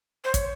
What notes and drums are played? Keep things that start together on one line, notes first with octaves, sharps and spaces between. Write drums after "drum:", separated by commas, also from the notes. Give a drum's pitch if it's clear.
C5
C#5, drum: kick, hi-hat